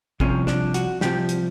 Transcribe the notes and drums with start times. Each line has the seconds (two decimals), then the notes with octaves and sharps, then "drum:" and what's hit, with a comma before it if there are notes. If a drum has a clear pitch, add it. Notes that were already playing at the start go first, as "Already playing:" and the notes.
0.20 C2 C3 F3 C#4, drum: kick
0.47 D4, drum: snare
0.74 F#4, drum: hi-hat
1.01 C2 C3 F3 G4, drum: snare
1.29 drum: hi-hat